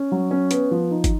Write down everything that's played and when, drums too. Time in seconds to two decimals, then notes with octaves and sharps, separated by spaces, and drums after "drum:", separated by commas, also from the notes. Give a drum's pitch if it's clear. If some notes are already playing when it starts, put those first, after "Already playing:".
Already playing: C#4
0.12 F#3
0.31 C#4
0.51 B3, drum: hi-hat
0.71 F3
0.91 D#4
1.04 drum: kick, hi-hat